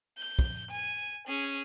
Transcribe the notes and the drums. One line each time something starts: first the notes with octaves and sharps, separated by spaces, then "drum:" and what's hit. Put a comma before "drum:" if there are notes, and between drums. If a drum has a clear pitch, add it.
G6
drum: kick
G#5
C#4 G#4